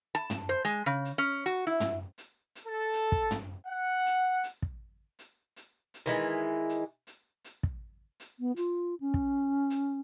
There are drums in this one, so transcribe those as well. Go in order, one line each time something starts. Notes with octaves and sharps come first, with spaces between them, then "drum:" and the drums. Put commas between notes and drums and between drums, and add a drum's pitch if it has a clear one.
A5
drum: tom
C5
G#3, drum: hi-hat
C#3
drum: hi-hat
C#4
F#4
E4
drum: tom
drum: hi-hat
drum: hi-hat
A4
drum: hi-hat
drum: kick
drum: tom
F#5
drum: hi-hat
drum: hi-hat
drum: kick
drum: hi-hat
drum: hi-hat
drum: hi-hat
D#3 E3 G#3
drum: hi-hat
drum: hi-hat
drum: hi-hat
drum: kick
drum: hi-hat
B3
F4, drum: hi-hat
C#4
drum: kick
drum: hi-hat